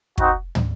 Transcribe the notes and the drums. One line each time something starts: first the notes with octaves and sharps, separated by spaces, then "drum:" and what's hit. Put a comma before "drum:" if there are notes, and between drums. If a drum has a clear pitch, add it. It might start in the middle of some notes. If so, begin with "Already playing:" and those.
C4 D#4 F#4, drum: kick
drum: tom